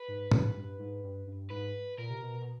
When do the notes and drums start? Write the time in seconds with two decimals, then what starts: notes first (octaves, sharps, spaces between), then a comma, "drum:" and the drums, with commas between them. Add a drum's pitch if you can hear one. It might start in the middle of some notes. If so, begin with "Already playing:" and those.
Already playing: B4
0.08 G#2
0.31 G#2, drum: tom
0.55 G2
0.79 G#2
1.03 G2
1.27 G2
1.51 G#2 B4
1.98 A#2 A#4
2.10 C3
2.22 B2
2.41 B2